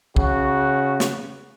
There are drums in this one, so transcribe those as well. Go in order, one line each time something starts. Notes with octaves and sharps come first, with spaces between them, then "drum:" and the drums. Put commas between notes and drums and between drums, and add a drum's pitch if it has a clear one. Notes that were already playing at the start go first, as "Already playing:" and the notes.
C#3 F#4, drum: kick
drum: snare